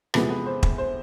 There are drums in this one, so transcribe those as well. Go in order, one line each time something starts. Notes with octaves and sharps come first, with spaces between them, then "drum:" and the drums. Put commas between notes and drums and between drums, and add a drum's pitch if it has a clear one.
E2 C3 F3 G#3 B3 B4, drum: rim click
B4
C5
drum: kick
C5